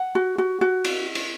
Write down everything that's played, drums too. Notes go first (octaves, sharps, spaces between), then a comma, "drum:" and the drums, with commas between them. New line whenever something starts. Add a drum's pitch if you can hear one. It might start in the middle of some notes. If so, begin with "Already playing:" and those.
Already playing: F#5
F#4
F#4
F#4
drum: cymbal
drum: cymbal